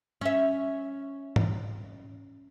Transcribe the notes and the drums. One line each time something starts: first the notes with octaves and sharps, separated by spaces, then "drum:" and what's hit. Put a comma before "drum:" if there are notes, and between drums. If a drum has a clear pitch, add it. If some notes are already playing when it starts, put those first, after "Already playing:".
C#4 E5
drum: tom G#2